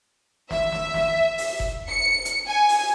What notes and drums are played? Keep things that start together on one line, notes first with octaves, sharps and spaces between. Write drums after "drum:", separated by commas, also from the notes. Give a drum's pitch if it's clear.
E5, drum: snare
drum: snare
drum: snare
drum: open hi-hat
drum: kick F1
C#7
drum: hi-hat
G#5
drum: open hi-hat